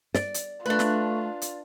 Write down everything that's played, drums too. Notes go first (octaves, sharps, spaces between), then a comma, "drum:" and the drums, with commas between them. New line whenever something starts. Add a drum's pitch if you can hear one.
D5, drum: snare
drum: hi-hat
A3 D4 F4 B4
drum: snare
drum: hi-hat